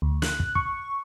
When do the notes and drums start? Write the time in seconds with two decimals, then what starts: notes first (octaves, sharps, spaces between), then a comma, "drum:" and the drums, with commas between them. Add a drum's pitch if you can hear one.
0.02 D2
0.22 F#6, drum: snare
0.40 drum: kick
0.55 C#6, drum: kick